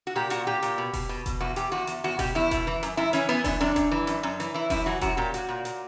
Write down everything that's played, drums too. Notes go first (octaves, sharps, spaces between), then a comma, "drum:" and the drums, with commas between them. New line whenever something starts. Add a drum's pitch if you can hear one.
F#4
A#2 G4
A#2 F#4, drum: hi-hat
A#2 G4
A#2, drum: hi-hat
B2
B2, drum: kick E1, open hi-hat
B2
B2, drum: kick E1, hi-hat
E2 F#4
E2 G4, drum: hi-hat
E2 F#4
E2, drum: hi-hat
E2 F#4
B2 G4, drum: kick E1, open hi-hat
E2 E4
B2, drum: kick E1, hi-hat
E3
F#2, drum: hi-hat
F#2 E4
E3 C#4, drum: hi-hat
E3 B3
F#2 D4, drum: kick E1, open hi-hat
F#2 D4
F#2, drum: kick E1, hi-hat
E3
F#2, drum: hi-hat
F#2
E3, drum: hi-hat
E3 E4
F#2 E4, drum: kick E1, open hi-hat
E3 F#4
F#2 F#4, drum: kick E1, hi-hat
A#2 G4
A#2 F#4, drum: hi-hat
A#2
A#2, drum: hi-hat